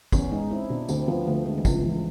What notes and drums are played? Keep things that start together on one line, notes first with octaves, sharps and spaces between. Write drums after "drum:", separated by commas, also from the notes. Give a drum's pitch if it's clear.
E2 C#4, drum: kick, tambourine
G#3 D#4
C4 E4
B2 D4
D2 C4, drum: tambourine
F3 B3
D2 A3
D3 G#3
E3
C#2 F3, drum: kick, tambourine
E3